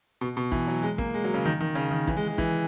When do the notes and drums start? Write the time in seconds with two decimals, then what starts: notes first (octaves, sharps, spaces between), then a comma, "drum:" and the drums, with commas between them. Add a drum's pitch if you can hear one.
0.21 B2
0.37 B2
0.52 E3, drum: kick A1
0.67 F#3
0.83 G#3
0.98 A#3, drum: kick A1
1.14 G#3
1.24 F#3
1.34 C#3
1.45 D#3
1.60 D#3
1.75 C#3
1.91 D#3
2.07 E3, drum: kick A1
2.17 G#3
2.28 G#3
2.38 E3, drum: kick A1